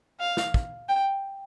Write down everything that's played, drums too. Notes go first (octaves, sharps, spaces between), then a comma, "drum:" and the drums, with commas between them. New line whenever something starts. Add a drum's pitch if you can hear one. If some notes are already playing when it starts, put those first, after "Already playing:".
F5
drum: snare
drum: kick
G5